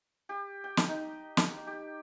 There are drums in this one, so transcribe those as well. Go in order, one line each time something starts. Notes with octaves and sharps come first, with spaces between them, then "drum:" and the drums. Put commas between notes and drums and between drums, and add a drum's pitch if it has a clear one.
G4
G5
drum: snare
D#4
drum: snare
G4